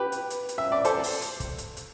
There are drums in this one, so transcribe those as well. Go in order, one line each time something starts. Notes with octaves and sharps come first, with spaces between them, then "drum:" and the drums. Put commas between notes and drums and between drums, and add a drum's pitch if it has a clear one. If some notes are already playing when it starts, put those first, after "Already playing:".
Already playing: G4 B4
drum: hi-hat
drum: hi-hat
drum: hi-hat
E5
D5
A4 C5, drum: hi-hat
drum: open hi-hat
drum: hi-hat
drum: kick, hi-hat
drum: hi-hat
drum: hi-hat